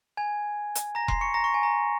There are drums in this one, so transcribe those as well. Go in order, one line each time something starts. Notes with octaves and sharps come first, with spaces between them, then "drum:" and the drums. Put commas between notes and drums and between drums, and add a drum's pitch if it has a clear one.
G#5 G#6
drum: hi-hat
A#5 A#6
C6 C7, drum: kick E1
C#6 C#7
A#5 A#6
C#6
G#5
A#5